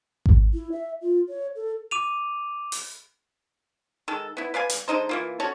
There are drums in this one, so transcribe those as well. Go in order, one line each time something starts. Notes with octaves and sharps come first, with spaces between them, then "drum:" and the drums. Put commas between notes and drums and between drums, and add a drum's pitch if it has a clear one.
drum: kick G#1
E4
E5
F4
C#5
A4
D6 D#7 F7
drum: open hi-hat
D#3 G#3 A4
B3 E4
B4 D5 F5 G#5
drum: hi-hat
D3 G#3 D#4 C5
E3 A#3 F4
C#4 F#4 A4 C#5